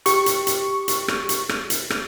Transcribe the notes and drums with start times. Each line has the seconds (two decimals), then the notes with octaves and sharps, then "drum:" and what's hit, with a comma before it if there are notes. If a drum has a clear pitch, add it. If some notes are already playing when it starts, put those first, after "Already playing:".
0.06 G4 C#6, drum: hi-hat
0.26 drum: hi-hat
0.47 drum: hi-hat
0.88 drum: hi-hat
1.08 drum: rim click
1.29 drum: hi-hat
1.49 drum: rim click
1.70 drum: hi-hat
1.90 drum: rim click